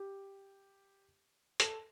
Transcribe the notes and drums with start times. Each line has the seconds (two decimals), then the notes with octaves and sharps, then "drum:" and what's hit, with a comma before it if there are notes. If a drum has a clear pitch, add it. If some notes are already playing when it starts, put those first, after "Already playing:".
Already playing: G4
1.60 A4, drum: hi-hat